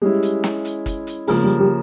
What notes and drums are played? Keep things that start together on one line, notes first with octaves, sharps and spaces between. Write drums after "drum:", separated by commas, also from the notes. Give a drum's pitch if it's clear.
G3 G#3 C#4 E4 G4
drum: hi-hat
drum: snare
drum: hi-hat
drum: kick, hi-hat
drum: hi-hat
C#3 F3 G#3 A#3 G#4, drum: open hi-hat
G3 G4
G3 G4